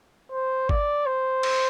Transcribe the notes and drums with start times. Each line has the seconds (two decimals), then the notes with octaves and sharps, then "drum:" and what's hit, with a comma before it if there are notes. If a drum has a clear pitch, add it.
0.31 C5
0.69 D5, drum: kick G#1
1.06 C5
1.43 drum: cymbal